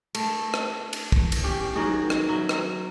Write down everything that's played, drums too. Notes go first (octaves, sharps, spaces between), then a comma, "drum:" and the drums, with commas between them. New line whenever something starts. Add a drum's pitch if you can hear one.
A3, drum: cymbal
drum: rim click
drum: cymbal
drum: kick
drum: cymbal
C#4 G4
D#3 F#3 F#4 G#4
drum: rim click
F#3 E5
drum: rim click